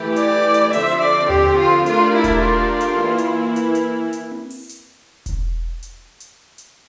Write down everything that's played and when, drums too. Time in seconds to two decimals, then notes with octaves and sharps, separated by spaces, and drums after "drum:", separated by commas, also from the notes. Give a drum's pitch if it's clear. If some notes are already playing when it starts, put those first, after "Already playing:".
Already playing: E3 A3 E4 G4
0.16 D5, drum: hi-hat
0.54 drum: hi-hat
0.73 D3 F3 C4 E5, drum: hi-hat
1.01 D5
1.30 G4, drum: tom D#2
1.58 F4
1.86 A3 D4 F4 G4 A#4 D5, drum: hi-hat
2.15 E4
2.24 drum: kick E1, hi-hat
2.43 F4
2.81 drum: hi-hat
2.99 E3 A#3 E4
3.18 drum: hi-hat
3.56 drum: hi-hat
3.75 drum: hi-hat
4.13 drum: hi-hat
4.32 drum: tom C4
4.50 drum: open hi-hat
4.69 drum: hi-hat
5.26 drum: kick E1, hi-hat
5.83 drum: hi-hat
6.20 drum: hi-hat
6.58 drum: hi-hat